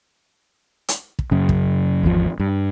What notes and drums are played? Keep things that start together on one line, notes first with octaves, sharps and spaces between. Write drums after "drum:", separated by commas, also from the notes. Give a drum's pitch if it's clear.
drum: hi-hat
drum: kick
F#2 C#3
drum: kick
G#1 E2 C#3 F3
G2